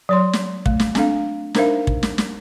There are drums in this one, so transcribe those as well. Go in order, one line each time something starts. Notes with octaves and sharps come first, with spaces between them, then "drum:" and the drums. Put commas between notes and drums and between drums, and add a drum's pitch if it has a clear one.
F#3 C#5 C6
drum: snare
A3, drum: kick
drum: snare
C4 D4 A4 F5, drum: snare
D4 D#4 A#4 C5 E5 F5, drum: snare
drum: kick
drum: snare
drum: snare